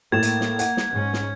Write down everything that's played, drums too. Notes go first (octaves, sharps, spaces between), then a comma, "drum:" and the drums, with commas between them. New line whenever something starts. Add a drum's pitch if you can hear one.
A2 A#3 G#6 A6 E7
drum: hi-hat
drum: snare
F#5, drum: hi-hat
drum: snare
G#2 C#4
drum: snare